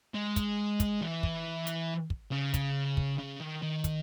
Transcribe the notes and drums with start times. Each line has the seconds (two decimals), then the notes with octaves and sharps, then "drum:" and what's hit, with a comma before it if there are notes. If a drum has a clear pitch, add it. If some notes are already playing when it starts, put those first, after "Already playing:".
0.14 G#3
0.36 drum: kick, hi-hat
0.80 drum: kick, hi-hat
1.02 E3
1.23 drum: kick
1.67 drum: hi-hat
2.10 drum: kick
2.32 C#3
2.54 drum: kick, hi-hat
2.97 drum: kick
3.19 C#3
3.41 D#3
3.62 D#3
3.84 drum: kick, hi-hat